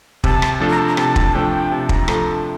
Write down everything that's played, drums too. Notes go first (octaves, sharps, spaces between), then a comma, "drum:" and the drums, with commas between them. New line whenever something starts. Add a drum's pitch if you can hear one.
C3 A5, drum: kick
drum: rim click
F3 A3 D4 A4
A#5
A5
A#5
C3 A5, drum: rim click
drum: kick
F3 A3 D4 A4 G5
C3 A5
A#5, drum: kick
F3 A3 D4 A4 A#5, drum: rim click
A5